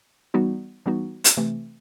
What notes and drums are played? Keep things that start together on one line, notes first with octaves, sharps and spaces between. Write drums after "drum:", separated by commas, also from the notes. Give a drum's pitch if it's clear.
E3 G3 B3 D#4 F#4
E3 G3 B3 D#4 F#4
drum: hi-hat
C3 E3 A3 C4